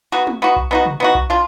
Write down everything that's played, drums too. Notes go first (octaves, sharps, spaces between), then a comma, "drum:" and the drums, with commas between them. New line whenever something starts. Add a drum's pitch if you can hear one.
B3 D#4 F#4
drum: tom
B3 D#4 F#4
drum: kick B1
B3 D#4 F#4
drum: tom
B3 D#4 F#4
drum: kick B1
D4 F4